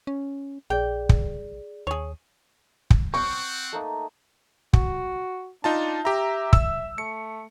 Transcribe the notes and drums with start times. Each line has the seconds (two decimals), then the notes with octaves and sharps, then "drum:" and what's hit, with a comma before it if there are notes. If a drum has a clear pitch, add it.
0.07 C#4
0.70 A#1 G#4 D5 G5
1.09 drum: kick
1.87 D#2 G#4 C#5
2.90 drum: kick
3.14 C4 F#5 C#6
3.72 A3 A#3 D#4
4.73 F#4, drum: kick
5.64 D4 D#4 F4 A5
6.05 G4 E5 A#5
6.53 E6, drum: kick
6.98 A3 C#7